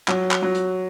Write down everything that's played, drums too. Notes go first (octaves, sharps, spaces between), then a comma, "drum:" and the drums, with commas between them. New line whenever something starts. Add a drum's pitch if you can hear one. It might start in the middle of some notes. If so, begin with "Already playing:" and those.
F#3, drum: clap
drum: clap
F#3
drum: hi-hat